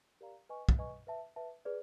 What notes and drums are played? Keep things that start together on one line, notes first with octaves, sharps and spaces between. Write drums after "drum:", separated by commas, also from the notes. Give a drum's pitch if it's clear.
G4 A#4 D5 F5 A#5
B4 D#5 G#5 C#6
drum: kick
B4 D#5 G#5 C#6
B4 E5 A5
B4 E5 A5
G#4 B4 D5